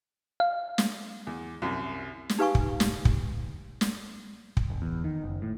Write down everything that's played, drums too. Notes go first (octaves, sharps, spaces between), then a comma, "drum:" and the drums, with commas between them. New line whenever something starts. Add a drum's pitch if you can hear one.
F5
drum: snare
E2
C2 F#2
drum: snare
D#4 G4 B4 F5 G#5 C#6
drum: kick
drum: snare
drum: kick
drum: snare
drum: kick
F#1
E2
D#3
F#1
A2